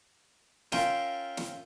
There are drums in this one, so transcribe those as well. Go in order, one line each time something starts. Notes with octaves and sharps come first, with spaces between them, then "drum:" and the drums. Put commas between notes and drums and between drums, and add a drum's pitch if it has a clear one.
C#4 F4 A#4 E5 G5 C6, drum: snare
drum: snare